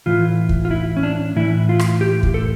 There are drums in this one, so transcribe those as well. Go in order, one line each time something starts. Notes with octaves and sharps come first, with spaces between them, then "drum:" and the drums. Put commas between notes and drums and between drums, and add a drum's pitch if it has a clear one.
A2 E3 F4
drum: kick
F4
E4
C#4
D4
A2 E3 E4
F4
drum: rim click
G4
drum: kick
A4